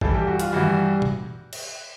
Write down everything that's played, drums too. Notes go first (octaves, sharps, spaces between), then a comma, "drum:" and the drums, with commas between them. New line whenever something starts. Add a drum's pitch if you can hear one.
G2 E3 G3 A4, drum: kick
G4
F#4
F4, drum: hi-hat
G2 E3 G3 F#4
drum: tom B2
drum: cymbal